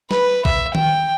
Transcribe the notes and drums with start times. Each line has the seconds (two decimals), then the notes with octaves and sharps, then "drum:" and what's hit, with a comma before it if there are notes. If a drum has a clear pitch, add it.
0.11 B4, drum: snare
0.45 E5, drum: kick
0.75 G5, drum: tom D#3